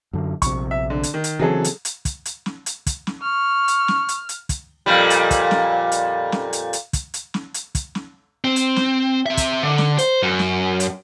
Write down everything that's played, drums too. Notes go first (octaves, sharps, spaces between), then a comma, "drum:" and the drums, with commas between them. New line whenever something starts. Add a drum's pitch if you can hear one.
F#2 D3
A#1 C3 C#6, drum: kick, hi-hat
E5
D3
drum: hi-hat
D#3
drum: hi-hat
C#3 E3 F#3 C4 G#4 A4
drum: hi-hat
drum: hi-hat
drum: kick, hi-hat
drum: hi-hat
drum: snare
drum: hi-hat
drum: kick, hi-hat
drum: snare
C#6 F6
drum: hi-hat
drum: snare
drum: hi-hat
drum: hi-hat
drum: kick, hi-hat
F2 A#2 G3
drum: hi-hat
drum: kick, hi-hat
drum: snare
drum: hi-hat
drum: snare
drum: hi-hat
drum: hi-hat
drum: kick, hi-hat
drum: hi-hat
drum: snare
drum: hi-hat
drum: kick, hi-hat
drum: snare
C4
drum: hi-hat
drum: snare
C4 E5
drum: kick, hi-hat
D3
drum: snare
C5, drum: hi-hat
F#2
drum: snare
drum: hi-hat